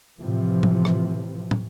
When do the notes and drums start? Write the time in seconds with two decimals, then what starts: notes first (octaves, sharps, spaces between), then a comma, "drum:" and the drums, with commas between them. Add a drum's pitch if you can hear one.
0.19 A2 C3 E3 F3
0.63 drum: tom
0.85 drum: rim click
1.51 drum: tom